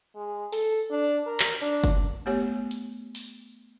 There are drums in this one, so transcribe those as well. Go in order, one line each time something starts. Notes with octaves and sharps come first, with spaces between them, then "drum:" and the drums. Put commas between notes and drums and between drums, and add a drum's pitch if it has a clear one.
G#3
A4, drum: open hi-hat
D4
A#4
drum: clap
D4
drum: kick F#1, hi-hat
A3 B3 G4 C#5
drum: hi-hat
drum: open hi-hat